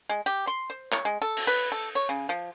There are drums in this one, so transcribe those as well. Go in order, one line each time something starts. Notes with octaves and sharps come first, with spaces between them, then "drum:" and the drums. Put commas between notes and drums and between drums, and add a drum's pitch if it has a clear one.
G#3
G4
C6
C5
C#5, drum: clap
G#3
A4
drum: cymbal
B4
A4
C#5
C#3
F3